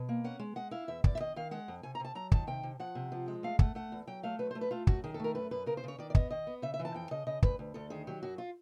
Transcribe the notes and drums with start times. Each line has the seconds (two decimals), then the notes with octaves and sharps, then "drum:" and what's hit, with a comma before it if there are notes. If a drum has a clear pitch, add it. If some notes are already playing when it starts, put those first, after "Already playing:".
Already playing: B2
0.09 A#3
0.24 C#4 F#5
0.39 G#3
0.56 G#3 F#5
0.71 E4 F5
0.88 E2 E5
1.04 E2 D5, drum: kick
1.15 E5
1.20 D#3 D#5
1.36 D#3 F5
1.51 G#3 F#5
1.68 F2
1.83 C3 G#5
1.95 A#5
2.00 C3 A5
2.15 F#3 A#5
2.32 D#3 A5, drum: kick
2.47 C3 G5
2.63 C3
2.79 F3 F#5
2.95 C3
3.12 F3
3.28 G#3
3.43 A3 F5
3.59 A3 F#5, drum: kick
3.75 A3 F#5
3.92 E2
4.07 F#3 G5
4.23 A3 F5
4.39 F#3 B4
4.51 C5
4.55 A3
4.61 B4
4.71 A3 F4
4.87 F#2 F#4, drum: kick
5.04 D#3 G#4
5.14 A4
5.20 A3 A#4
5.35 F#2 B4
5.51 F#2 B4
5.66 C#3 A#4
5.77 C5
5.84 C#3 C#5
5.98 D#3 D5
6.10 D5
6.15 B3 D#5, drum: kick
6.31 D#3 D#5
6.47 B3
6.62 C#3 E5
6.74 E5
6.79 E3
6.85 A5
6.94 F2 G5
7.11 C#3 D#5
7.27 C#3 D#5
7.43 D2 B4, drum: kick
7.59 D2
7.74 D2 A4
7.90 D#3 G#4
8.07 F#3 G4
8.23 F#2 F#4
8.38 F4